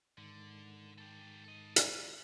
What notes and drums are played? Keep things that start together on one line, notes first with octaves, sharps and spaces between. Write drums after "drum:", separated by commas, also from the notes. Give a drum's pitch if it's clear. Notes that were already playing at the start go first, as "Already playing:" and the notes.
G#2 D3 D#3
G4 A4
A4 D#5
drum: hi-hat